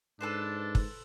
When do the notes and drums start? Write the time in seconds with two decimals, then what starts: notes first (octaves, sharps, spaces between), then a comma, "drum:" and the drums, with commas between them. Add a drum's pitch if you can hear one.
0.21 G#2 D4 A4 B4 C5
0.75 drum: kick